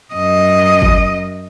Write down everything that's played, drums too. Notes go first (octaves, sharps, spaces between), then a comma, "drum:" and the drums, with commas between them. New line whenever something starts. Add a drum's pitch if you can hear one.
F#2 D#5
drum: kick G1